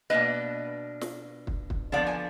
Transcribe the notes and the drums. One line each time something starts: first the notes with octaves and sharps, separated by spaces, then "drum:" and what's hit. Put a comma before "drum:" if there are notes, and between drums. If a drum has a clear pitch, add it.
B2 A#3 D4 B4 D#5
drum: snare
drum: kick
drum: kick
D3 F3 B3 D4 D5 F5
G#5